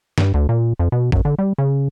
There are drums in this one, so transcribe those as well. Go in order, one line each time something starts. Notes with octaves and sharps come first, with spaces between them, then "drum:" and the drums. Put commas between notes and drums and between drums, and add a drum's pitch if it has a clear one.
G2, drum: snare
D2
A#2
F2
B2
F#2, drum: kick
D3
G3
C#3